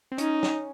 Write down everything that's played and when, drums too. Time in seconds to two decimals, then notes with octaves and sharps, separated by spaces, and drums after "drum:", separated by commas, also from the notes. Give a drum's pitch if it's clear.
0.12 C4
0.18 C#4 D#4, drum: hi-hat
0.43 drum: snare